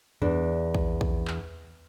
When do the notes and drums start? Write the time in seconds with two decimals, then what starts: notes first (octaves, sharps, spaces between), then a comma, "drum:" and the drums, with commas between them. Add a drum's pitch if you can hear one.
0.22 E2 D4, drum: tom F#2
0.75 drum: kick A#1
1.01 drum: kick A#1
1.27 drum: clap